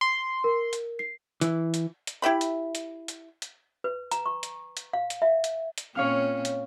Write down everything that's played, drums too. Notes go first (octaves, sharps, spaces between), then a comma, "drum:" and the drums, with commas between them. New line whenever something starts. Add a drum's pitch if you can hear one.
C6
A#4
drum: hi-hat
C7
E3, drum: hi-hat
drum: hi-hat
drum: hi-hat
E4 G4 E5 B5
drum: hi-hat
drum: hi-hat
drum: hi-hat
drum: hi-hat
B4
A#5, drum: hi-hat
C#6
drum: hi-hat
drum: hi-hat
F5
drum: hi-hat
E5
drum: hi-hat
drum: hi-hat
A#2 C4 C#4 C#5 F5 F6
drum: hi-hat